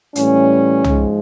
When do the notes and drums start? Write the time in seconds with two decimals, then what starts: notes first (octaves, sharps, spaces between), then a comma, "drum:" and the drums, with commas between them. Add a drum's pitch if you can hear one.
0.15 A2 E3 G3 C#4, drum: hi-hat
0.84 G#2 F3 G#3, drum: tom